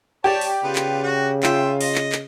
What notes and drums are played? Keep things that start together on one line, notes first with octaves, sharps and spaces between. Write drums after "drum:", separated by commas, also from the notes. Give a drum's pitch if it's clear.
G4 C#5 D5 A5
drum: open hi-hat
C#3 B3 F4
drum: clap
F#4
F4 E5 G5, drum: clap
D#5, drum: open hi-hat
drum: clap
drum: clap